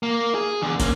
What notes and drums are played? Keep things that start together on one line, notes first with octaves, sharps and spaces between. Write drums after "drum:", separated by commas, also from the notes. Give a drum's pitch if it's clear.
A#3
G#4
E2 D3
A#3 C#4, drum: kick, hi-hat